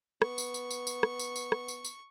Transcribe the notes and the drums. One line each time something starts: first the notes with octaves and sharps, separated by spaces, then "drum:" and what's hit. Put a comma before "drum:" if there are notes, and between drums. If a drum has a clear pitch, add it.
B3 C#6, drum: rim click
drum: tambourine
drum: tambourine
drum: tambourine
drum: tambourine
drum: rim click
drum: tambourine
drum: tambourine
drum: rim click
drum: tambourine
drum: tambourine